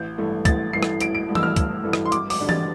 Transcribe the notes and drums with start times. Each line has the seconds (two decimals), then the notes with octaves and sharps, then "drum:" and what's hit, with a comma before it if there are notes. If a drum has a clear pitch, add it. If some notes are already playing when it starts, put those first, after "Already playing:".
Already playing: A1 G6
0.18 G2 E3 A3
0.45 A1 A6, drum: kick, hi-hat
0.73 G2 E3 A3 C7
0.83 drum: rim click
1.01 A1 D7, drum: hi-hat
1.15 D7
1.29 G2 E3 A3
1.35 E6, drum: tom E3
1.43 F6
1.56 A1, drum: kick, hi-hat
1.84 G2 E3 A3
1.93 drum: rim click
2.06 C6
2.12 G2 D6, drum: hi-hat
2.30 D6, drum: open hi-hat
2.40 D3 G3 D4
2.49 A6, drum: tom E3